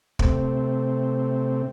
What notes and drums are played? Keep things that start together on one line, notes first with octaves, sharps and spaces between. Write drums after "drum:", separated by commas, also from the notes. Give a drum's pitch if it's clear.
C3 A3 C4, drum: kick